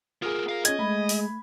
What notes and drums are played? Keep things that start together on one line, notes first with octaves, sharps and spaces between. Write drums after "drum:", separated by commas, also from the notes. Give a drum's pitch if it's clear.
B3 F4 G#4 A#4
A#4 F5
C#4 D#5 G#6, drum: hi-hat
G#3 A3 B5
drum: open hi-hat